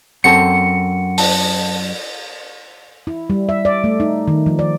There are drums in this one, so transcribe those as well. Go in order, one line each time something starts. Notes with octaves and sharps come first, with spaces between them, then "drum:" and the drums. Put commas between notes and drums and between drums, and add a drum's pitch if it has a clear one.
F#2 C4 A4 F#5 C#7
A5, drum: open hi-hat
E4
G3
E5
D5
A3
D#4
D#3
F3
D5